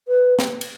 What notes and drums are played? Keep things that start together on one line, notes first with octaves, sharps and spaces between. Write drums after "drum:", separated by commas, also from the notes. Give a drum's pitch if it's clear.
B4
drum: snare
drum: cymbal